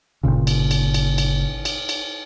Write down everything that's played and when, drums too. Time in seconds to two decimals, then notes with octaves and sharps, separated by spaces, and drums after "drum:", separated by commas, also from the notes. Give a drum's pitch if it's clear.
0.23 G1 C2 A#2 C#3
0.47 drum: cymbal
0.71 drum: cymbal
0.94 drum: cymbal
1.18 drum: cymbal
1.65 drum: cymbal
1.89 drum: cymbal